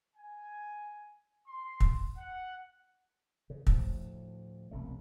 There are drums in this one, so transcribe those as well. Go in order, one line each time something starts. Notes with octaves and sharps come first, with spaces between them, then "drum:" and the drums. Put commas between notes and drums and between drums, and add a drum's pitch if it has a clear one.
G#5
C6
drum: kick
F#5
C#3
D2 A2 F3, drum: kick
E1 C2 A3